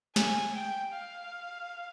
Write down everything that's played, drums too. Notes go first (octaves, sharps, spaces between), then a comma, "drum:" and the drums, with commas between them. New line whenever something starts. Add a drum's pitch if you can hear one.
G#5, drum: snare
G5
F5